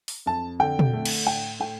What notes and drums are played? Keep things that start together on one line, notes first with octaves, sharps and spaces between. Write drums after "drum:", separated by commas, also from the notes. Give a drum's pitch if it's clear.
drum: open hi-hat
F2 A5
D3 G5
drum: tom
A3
drum: cymbal
A2 G5
A2 G5